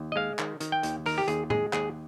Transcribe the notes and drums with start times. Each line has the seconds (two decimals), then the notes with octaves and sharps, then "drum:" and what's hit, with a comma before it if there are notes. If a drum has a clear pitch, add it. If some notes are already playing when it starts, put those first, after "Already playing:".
Already playing: D#2
0.12 D#5
0.16 G#3 F5
0.39 D#3, drum: clap
0.60 D#3, drum: hi-hat
0.72 G5
0.83 D#2, drum: hi-hat
1.06 D#3 A#4, drum: open hi-hat
1.18 G4
1.28 D#2 G#4, drum: hi-hat
1.50 G#3 G#4, drum: tom A2
1.73 D#2 G#4, drum: clap